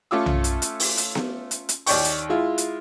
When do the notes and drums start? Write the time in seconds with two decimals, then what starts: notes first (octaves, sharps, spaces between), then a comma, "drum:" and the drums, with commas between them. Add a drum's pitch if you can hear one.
0.11 A3 C#4 F4 D6 E6
0.26 drum: tom B1
0.44 drum: hi-hat
0.62 drum: hi-hat
0.80 drum: open hi-hat
0.97 drum: hi-hat
1.15 drum: snare B3
1.51 drum: hi-hat
1.69 drum: hi-hat
1.86 D#2 C#5 D5 G5 C#6, drum: open hi-hat
2.04 drum: hi-hat
2.29 G#3 E4 F4
2.58 drum: hi-hat